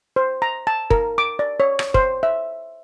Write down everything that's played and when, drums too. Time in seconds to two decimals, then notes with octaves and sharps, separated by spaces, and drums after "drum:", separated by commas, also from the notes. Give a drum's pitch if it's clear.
0.16 C5
0.42 A#5
0.67 A5
0.91 A#4, drum: kick
1.18 D6
1.39 D5
1.60 C#5
1.79 drum: rim click
1.94 C5, drum: kick
2.23 E5